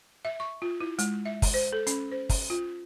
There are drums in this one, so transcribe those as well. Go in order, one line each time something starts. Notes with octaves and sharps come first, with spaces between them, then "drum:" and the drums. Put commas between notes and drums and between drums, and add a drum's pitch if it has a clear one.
E5
C#6
F4
E4
G#3, drum: hi-hat
E5
drum: kick, open hi-hat
C5
A4
C#4, drum: hi-hat
C5
drum: kick, open hi-hat
F4